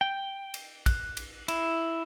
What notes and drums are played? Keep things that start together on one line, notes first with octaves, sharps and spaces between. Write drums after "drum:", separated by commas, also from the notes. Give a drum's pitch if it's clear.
G5
drum: cymbal
F#6, drum: kick A#1, cymbal
drum: cymbal
E4, drum: cymbal